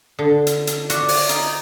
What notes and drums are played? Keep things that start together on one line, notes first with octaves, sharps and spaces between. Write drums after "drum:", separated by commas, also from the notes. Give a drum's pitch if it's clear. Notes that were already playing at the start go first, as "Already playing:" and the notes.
D3
drum: hi-hat
drum: hi-hat
F#4 D5, drum: hi-hat
drum: open hi-hat
D#4, drum: hi-hat